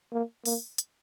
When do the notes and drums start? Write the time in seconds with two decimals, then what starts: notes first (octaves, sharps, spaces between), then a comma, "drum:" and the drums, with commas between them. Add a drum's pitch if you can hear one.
0.13 A#3
0.46 A#3, drum: open hi-hat
0.78 drum: hi-hat